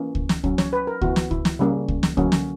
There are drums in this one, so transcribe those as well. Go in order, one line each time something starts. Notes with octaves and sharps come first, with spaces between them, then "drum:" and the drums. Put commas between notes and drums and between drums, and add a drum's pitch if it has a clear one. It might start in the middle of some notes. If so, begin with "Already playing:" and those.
Already playing: E3 A#3 C#4
drum: kick C#2
drum: snare
F#3 C#4, drum: kick C#2
C#5, drum: snare
B4
A#4
E3 B3 F#4, drum: kick C#2
drum: snare
E4, drum: kick C#2
drum: snare
C#3 G3 A#3 C#4
drum: kick C#2
drum: snare
D3 F#3 A#3 C#4, drum: kick C#2
drum: snare